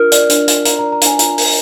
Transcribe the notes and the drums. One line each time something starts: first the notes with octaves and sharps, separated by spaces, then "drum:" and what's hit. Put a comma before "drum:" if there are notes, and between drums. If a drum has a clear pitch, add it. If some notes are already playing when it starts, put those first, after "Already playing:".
Already playing: D4 F4 A#4 F6
D5, drum: hi-hat
D4, drum: hi-hat
F4, drum: hi-hat
A#4 A#5, drum: hi-hat
D5 A#5
A#5
D4 G#5, drum: hi-hat
F4 A#5, drum: hi-hat
A#4, drum: open hi-hat